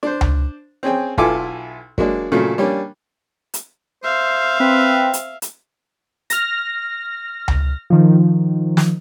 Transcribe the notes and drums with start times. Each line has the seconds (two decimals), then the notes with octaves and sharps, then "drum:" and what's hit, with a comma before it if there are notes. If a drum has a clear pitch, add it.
0.03 D4 C5
0.21 drum: tom C#2
0.83 C4 C#4 G#4 G5
1.18 B1 E4 F4 A4 G#5 D6, drum: kick
1.98 F#3 G#3 A#3 D4, drum: kick
2.32 A#2 C#3 F#3 A3
2.58 G3 A#3 C#4 D4
3.54 drum: hi-hat
4.04 C5 E5 F5
4.60 C4 B4
5.13 drum: hi-hat
5.42 drum: hi-hat
6.30 F6 A#6, drum: hi-hat
7.48 drum: tom C#2
7.90 D#3 F3
8.77 drum: snare